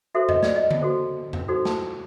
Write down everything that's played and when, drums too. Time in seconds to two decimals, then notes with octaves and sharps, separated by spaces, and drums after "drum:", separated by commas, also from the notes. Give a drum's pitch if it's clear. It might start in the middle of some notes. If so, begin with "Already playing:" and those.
0.14 F#4 A4 C5 E5
0.29 D#5, drum: tom E2
0.43 D5, drum: snare
0.56 D#5
0.71 drum: tom D3
0.82 F#4 A4 C5
1.33 drum: tom E2
1.48 D#4 F#4 A4 C5
1.65 A5, drum: snare